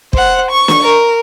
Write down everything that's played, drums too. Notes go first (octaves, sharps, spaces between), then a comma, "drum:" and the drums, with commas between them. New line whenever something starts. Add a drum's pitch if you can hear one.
C5 F#5, drum: kick
C#6
drum: snare
A#4